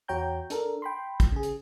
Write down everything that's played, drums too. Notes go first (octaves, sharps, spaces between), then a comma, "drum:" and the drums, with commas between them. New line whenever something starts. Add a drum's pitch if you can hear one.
E2 F#4 C#5 G5 A#5 G6
D4 A4 A#4, drum: hi-hat
G5 B5 C6
drum: kick, hi-hat
C#3 G#4
drum: hi-hat